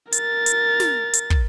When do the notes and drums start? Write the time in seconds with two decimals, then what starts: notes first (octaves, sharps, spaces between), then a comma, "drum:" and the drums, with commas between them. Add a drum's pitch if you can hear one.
0.12 A#4 A6, drum: hi-hat
0.46 drum: hi-hat
0.80 drum: snare
1.13 drum: hi-hat
1.30 drum: kick